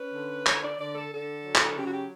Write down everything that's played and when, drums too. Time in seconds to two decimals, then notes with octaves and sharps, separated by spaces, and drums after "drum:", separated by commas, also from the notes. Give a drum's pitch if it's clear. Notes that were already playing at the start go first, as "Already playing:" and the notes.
Already playing: C#4 B4
0.14 D3
0.46 D3 C#5, drum: clap
0.63 D5
0.79 D3 D5
0.95 A4
1.11 D3 A4
1.45 F#3
1.55 drum: clap
1.76 C#3 G4
1.84 F#4
1.92 G4